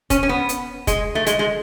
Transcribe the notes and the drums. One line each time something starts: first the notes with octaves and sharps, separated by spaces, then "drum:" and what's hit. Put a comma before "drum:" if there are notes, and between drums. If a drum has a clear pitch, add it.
C#4, drum: kick F1, hi-hat
C#4
B3
drum: hi-hat
G#3, drum: kick F1, hi-hat
A3
G#3, drum: hi-hat
G#3